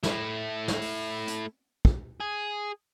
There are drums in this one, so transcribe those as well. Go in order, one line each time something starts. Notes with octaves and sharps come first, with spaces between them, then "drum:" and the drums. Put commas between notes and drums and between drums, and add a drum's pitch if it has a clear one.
A3 E4, drum: snare
drum: snare
drum: open hi-hat
drum: hi-hat
drum: kick
G#4